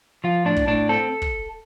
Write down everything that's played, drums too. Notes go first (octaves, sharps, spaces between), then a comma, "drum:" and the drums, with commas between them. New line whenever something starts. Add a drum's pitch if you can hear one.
F3 F4
A2 D4
drum: kick
A2 D4
C4 A4
drum: kick